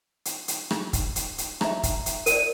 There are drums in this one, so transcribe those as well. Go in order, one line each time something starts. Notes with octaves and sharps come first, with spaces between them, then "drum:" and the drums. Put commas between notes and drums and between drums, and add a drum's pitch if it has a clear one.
drum: hi-hat
drum: hi-hat
drum: rim click
drum: kick, hi-hat
drum: hi-hat
drum: hi-hat
E5 A#5, drum: rim click
drum: kick, hi-hat
drum: hi-hat
A#4 D5 D#7, drum: hi-hat